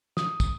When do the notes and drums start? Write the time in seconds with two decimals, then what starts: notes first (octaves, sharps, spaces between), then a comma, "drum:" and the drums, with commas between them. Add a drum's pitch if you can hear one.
0.17 D#6, drum: snare
0.40 drum: kick, tambourine